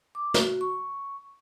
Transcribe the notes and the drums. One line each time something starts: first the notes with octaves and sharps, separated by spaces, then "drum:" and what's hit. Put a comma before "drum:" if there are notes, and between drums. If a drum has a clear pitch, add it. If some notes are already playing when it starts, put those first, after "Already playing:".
D6
F#4, drum: snare
C#6